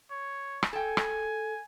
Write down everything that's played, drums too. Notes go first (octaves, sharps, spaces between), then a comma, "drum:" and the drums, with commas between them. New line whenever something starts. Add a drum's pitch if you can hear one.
C#5
drum: rim click
A4 G5 G#5
drum: rim click